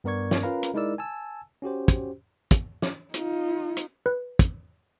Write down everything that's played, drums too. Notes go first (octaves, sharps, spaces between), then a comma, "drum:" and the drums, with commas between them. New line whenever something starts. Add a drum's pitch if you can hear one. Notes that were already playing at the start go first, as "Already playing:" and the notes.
G2 B3 A#4 D5 C#6 G#6
drum: snare
C#4 F4 A#4 B4 F5 A#5
drum: hi-hat
G#3 D#4 E4 A#4 D5 E6
G#5 A5 E6
C#4 F#4 G4 C5
drum: kick, hi-hat
drum: kick, hi-hat
drum: snare
D#4 F4, drum: hi-hat
drum: hi-hat
B4
drum: kick, hi-hat